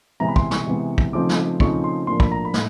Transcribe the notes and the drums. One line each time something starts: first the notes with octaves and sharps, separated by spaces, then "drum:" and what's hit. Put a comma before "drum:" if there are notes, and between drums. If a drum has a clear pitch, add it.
C3 E3 G#3 B3 E4 A#5
B5
C6, drum: kick
C#6, drum: snare
C3 E3 G#3 B3 E4
drum: kick
C#3 F3 A3 C4 D#4 D6
drum: snare
C#3 F3 A3 C4 D#4 C#6, drum: kick
C6
A2 F3 A#3 D4 C6
B5, drum: kick
A#5
B5
A2, drum: snare